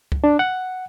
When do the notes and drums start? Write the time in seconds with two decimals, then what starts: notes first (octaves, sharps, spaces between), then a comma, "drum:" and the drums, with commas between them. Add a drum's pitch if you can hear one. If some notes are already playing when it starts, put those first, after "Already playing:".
0.12 drum: kick C#2
0.24 D4
0.39 F#5